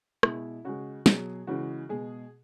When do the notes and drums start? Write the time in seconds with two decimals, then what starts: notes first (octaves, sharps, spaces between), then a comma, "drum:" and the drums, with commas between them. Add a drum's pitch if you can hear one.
0.23 B2 G#3 E4, drum: rim click
0.64 C#3 G#3 F#4
1.06 B2 F#3 G#4, drum: snare
1.47 C#3 E3 G#3 F#4
1.89 B2 G#3 G#4